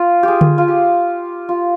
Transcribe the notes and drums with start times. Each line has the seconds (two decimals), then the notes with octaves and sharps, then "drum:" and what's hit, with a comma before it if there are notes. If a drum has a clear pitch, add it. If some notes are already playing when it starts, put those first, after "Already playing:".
Already playing: F4
0.23 G4 G#4
0.41 drum: tom D3
0.58 F4
0.68 G4
1.49 F4